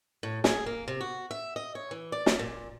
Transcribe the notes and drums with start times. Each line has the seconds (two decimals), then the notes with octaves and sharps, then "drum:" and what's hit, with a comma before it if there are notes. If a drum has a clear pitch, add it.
0.23 A2
0.44 G#4, drum: snare
0.66 A#3
0.88 C3
1.01 F#4
1.31 E5
1.56 D#5
1.75 C#5
1.91 E3
2.12 D5
2.26 drum: snare
2.39 A#2